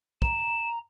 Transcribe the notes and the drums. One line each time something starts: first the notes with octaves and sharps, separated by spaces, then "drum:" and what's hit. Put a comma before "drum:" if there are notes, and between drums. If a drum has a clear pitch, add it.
A#5 E7, drum: kick